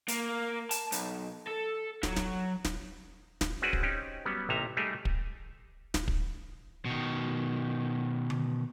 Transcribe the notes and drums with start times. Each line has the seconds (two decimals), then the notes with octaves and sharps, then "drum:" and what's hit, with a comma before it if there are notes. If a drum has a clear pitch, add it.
0.08 A#3, drum: hi-hat
0.71 A5, drum: hi-hat
0.92 B1, drum: hi-hat
1.47 A4
2.03 F#3, drum: snare
2.16 drum: snare
2.65 drum: snare
3.41 drum: snare
3.62 C4 C#4 F#4 G#4 B4 D5
3.73 drum: kick
3.83 C4 C#4 D#4 G4
4.25 F#3 G3 B3 C#4
4.49 A1 C3 A#3 D#4 E5 A#5
4.77 G3 A3 D#4 G4 G#4 E5
5.05 drum: kick
5.94 drum: snare
6.08 drum: kick
6.85 B2 D#3
8.30 drum: tom D3